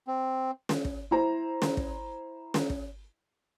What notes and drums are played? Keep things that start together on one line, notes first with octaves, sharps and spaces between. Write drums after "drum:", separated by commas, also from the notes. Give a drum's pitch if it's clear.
C4
drum: snare
drum: kick
E4 C5 A#5
drum: snare
drum: kick
drum: snare
drum: kick